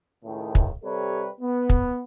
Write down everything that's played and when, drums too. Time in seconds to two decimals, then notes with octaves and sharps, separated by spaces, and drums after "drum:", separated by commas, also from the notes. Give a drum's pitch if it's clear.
0.24 C#2 A2 D#3
0.55 drum: kick
0.83 C3 G3 G4 A4 B4 C#5
1.41 B3
1.69 drum: kick